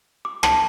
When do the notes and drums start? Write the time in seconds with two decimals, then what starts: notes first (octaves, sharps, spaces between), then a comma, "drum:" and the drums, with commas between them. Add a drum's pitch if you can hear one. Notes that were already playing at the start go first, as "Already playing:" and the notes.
0.25 D6
0.43 A5, drum: rim click